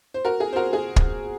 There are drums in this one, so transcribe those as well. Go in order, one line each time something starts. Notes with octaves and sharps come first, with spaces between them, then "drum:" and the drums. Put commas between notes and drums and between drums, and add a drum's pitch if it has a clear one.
C5
F#4 A#4
G#4
C5
F#4 A#4
G#4
drum: kick